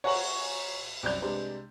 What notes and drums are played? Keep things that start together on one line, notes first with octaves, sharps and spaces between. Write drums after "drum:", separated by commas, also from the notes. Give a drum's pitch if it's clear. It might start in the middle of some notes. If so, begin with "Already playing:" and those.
C#5 F#5 G#5 A#5 C#6 F#7, drum: cymbal
C2 F#2 D5 G6 F7
C3 G3 G#3 D4 B4